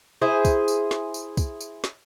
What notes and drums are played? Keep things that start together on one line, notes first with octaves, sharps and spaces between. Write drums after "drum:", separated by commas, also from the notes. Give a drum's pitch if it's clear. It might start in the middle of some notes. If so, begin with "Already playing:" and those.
E4 G#4 C5
drum: kick, tambourine
drum: tambourine
drum: snare
drum: tambourine
drum: kick, tambourine
drum: tambourine
drum: snare